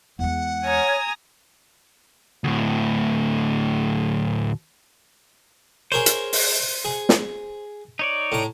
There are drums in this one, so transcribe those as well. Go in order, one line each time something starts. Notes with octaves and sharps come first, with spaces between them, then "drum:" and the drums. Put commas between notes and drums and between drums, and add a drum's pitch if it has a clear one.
E2 G#3 F#5
C#5 G#5 A#5 D#6
D2 A2
G#4 A#4 C5 C#5
drum: hi-hat
drum: open hi-hat
G#4
drum: snare
D#4 C#5 D5
A2 A#5